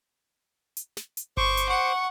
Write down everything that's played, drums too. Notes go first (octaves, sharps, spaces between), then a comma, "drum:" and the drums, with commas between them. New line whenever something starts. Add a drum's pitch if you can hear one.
drum: hi-hat
drum: snare
drum: hi-hat
C5 C#6 D6, drum: kick G1
drum: hi-hat
F#5 C#6